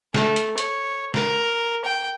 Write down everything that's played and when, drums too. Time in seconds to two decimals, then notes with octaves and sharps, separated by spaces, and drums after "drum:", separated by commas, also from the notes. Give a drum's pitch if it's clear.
0.14 A3, drum: snare
0.36 drum: hi-hat
0.58 C#5, drum: hi-hat
1.14 A#4, drum: snare
1.85 G5